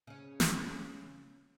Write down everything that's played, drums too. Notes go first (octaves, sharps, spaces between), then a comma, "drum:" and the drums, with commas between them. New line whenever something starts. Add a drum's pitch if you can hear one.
C#3 C#4
drum: snare